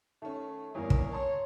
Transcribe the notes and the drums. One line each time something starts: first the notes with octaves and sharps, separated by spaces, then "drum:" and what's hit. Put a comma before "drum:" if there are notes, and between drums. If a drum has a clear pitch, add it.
D#3 A3 C#4
G1 E2 A#3 C#4 A#4
drum: kick
C#5 A5 A#5 C6